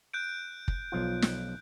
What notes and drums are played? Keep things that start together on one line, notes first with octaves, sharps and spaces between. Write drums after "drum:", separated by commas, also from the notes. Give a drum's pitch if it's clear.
F#6 G6 D7
drum: kick
B1 F3 F4
drum: snare